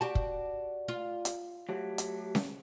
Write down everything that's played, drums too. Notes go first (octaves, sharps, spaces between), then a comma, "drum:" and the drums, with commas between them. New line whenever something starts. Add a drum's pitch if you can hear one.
F#4 G4 D5 A5
drum: kick
F4
drum: hi-hat
F#3 A3 G4
drum: hi-hat
drum: snare C#4